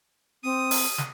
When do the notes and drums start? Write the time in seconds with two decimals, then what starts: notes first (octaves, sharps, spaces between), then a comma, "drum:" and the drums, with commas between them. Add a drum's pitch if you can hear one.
0.44 C4 D#6
0.71 drum: open hi-hat
0.98 drum: snare